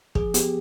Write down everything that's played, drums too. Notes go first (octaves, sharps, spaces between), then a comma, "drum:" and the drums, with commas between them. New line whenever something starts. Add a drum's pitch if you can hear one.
F3 G#4, drum: kick
B3 G4, drum: hi-hat